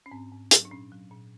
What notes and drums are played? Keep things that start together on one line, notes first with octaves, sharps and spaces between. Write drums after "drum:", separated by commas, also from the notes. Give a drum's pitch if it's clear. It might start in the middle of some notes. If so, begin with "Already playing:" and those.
C#4
G#2 C4
G#2
F#3, drum: hi-hat
D4
A#2 C#4
F#3
A#2